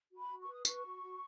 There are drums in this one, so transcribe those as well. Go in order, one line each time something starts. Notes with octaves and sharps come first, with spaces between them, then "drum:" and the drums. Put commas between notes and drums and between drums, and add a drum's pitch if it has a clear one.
F#4
B5
F#4
C#6
B4
D#6
B4 C#6, drum: tambourine
F#4
F#4